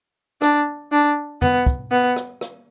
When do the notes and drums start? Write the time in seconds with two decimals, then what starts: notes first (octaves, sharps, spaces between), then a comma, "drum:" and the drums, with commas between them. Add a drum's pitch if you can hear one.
0.42 D4, drum: rim click
0.92 D4
1.42 B3, drum: tom
1.66 drum: kick
1.91 B3
2.16 drum: rim click
2.41 drum: rim click